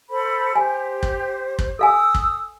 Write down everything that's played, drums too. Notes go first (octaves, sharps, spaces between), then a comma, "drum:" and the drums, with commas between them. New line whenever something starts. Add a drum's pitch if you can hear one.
A4 C5 B5
G4 C5 G#5
drum: kick
drum: kick
A4 F5 G#5 D#6 E6
drum: kick